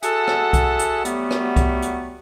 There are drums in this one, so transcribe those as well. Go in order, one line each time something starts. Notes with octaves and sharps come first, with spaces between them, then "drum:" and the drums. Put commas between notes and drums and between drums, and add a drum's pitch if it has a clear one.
F#4 G#4 A4 E5 F#5 A5, drum: hi-hat
drum: rim click
drum: kick C2, hi-hat
drum: hi-hat
F#3 G3 A3 B3, drum: hi-hat
drum: rim click
drum: kick C2, hi-hat
drum: hi-hat